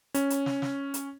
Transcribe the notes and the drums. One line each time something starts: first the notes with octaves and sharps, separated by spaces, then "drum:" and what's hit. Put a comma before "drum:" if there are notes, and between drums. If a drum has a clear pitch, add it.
C#4, drum: hi-hat
drum: hi-hat
drum: snare
drum: snare
drum: hi-hat